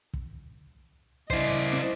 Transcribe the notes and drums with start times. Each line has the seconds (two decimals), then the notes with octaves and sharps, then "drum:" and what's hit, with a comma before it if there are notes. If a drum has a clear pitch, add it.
0.14 drum: kick
1.30 E4 C5 D5 D#5, drum: kick
1.72 drum: snare